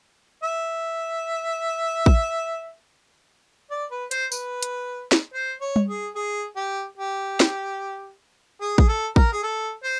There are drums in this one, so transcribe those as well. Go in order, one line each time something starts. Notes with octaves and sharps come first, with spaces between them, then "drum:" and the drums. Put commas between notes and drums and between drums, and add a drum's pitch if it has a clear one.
E5
drum: kick
D5
B4
C5, drum: hi-hat
B4, drum: tambourine
drum: hi-hat
drum: snare
C5
C#5
drum: tom G3
G#4
G#4
G4
G4
drum: snare
G#4
G#4, drum: kick
A4
A#4, drum: kick
G#4
A4
C5